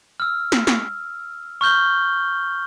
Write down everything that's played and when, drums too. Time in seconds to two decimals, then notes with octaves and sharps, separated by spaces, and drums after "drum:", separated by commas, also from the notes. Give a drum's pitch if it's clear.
0.20 E6 F6
0.52 drum: snare
0.67 drum: snare
1.61 C#6 F6 G6 G7